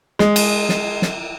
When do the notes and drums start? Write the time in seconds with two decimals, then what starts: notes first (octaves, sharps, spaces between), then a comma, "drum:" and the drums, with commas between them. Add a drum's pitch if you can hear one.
0.19 G#3, drum: snare
0.36 drum: cymbal
0.69 drum: snare
1.02 drum: snare